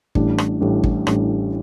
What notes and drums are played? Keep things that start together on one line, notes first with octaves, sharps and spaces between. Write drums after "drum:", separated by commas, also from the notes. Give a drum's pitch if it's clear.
A1 A2 G3 D4, drum: kick
drum: rim click
A1 A2 G3 D4
drum: kick
A1 A2 G3 D4, drum: rim click